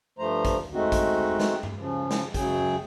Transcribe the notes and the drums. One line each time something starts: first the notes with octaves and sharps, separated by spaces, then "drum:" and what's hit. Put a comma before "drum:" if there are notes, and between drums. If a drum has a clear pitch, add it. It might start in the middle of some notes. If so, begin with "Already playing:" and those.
G2 F3 A3 C5 A#5
drum: kick, hi-hat
G#3 A3 C4 D#4 F#4
drum: kick, hi-hat
drum: snare
drum: tom G2
C#3 F3
drum: snare
F#2 C#3 F#3 G#4 G5, drum: kick, hi-hat